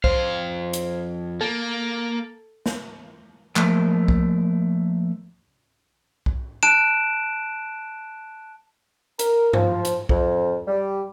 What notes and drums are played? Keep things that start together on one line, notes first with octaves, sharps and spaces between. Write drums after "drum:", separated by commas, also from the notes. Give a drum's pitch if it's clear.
F2 C5 F5, drum: kick B1
drum: hi-hat
A#3 A4
drum: snare
F3 A3 A#3, drum: clap
drum: kick B1
drum: kick B1
A5 F#6 D7 E7
A#4, drum: hi-hat
F3, drum: tom G2
drum: hi-hat
F2, drum: kick B1
G3